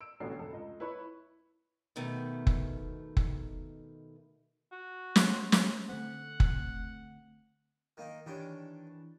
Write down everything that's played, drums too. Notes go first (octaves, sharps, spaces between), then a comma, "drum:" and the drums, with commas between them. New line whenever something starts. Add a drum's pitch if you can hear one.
E6 D7
A1 B2 D3 B3 C#5 C7
F1 A4
C#2 D#5
E4 B4 C#5 B5 C#6
B2 D#3 A3
drum: kick
drum: kick
F#4
G4 C6, drum: snare
drum: snare
D3 A3 C4 F#5
drum: kick
D#3 A#3 D#4
D#3 E3 D4 G4 C#5